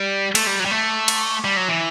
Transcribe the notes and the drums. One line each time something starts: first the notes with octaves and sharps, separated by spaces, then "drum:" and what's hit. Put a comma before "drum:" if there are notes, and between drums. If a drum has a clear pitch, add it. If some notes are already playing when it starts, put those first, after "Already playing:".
Already playing: G3
A3, drum: cymbal
G3
F#3
G3
A3
drum: cymbal
G3
F#3
E3